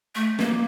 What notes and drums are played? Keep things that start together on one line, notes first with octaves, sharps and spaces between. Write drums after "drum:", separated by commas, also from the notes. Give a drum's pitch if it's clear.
A3
A#3, drum: snare